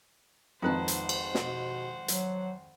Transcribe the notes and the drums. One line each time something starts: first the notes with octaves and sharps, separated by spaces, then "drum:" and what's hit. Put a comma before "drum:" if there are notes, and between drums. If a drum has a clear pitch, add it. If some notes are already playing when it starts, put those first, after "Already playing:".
G#1 F2 D#4 B4 C5 F#5 A5
drum: hi-hat
drum: cymbal
B2, drum: snare
F#3, drum: hi-hat